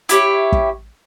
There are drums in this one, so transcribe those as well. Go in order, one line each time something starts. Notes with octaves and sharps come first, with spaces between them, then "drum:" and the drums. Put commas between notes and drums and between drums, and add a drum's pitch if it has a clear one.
E4 G4 C#5, drum: hi-hat
drum: kick